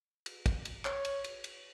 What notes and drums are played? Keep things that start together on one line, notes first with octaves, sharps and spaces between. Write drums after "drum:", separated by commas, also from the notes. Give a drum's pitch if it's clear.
drum: cymbal
drum: kick, cymbal
drum: cymbal
C#5, drum: clap
drum: cymbal
drum: cymbal
drum: cymbal